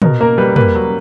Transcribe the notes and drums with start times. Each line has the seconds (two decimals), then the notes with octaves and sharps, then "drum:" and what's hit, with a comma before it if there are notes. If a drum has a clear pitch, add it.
0.02 B2 A#4, drum: tom
0.21 A#3 A#4
0.38 G3 B4
0.56 A#3 B4, drum: tom
0.75 F#3